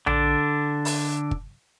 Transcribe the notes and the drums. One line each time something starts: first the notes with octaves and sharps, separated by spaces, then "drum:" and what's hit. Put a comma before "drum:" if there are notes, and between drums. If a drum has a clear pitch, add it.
D3 D4, drum: tom A#1
drum: open hi-hat
drum: kick